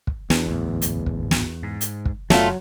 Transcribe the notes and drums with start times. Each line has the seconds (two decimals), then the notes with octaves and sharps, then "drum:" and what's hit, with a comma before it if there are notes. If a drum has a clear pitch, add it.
0.07 drum: kick
0.30 E2 D4, drum: snare
0.46 G#1 D2 A2
0.82 drum: hi-hat
1.06 drum: kick
1.31 drum: snare
1.63 G#2
1.81 drum: hi-hat
2.05 drum: kick
2.30 F#1 F#3 A3 F4, drum: snare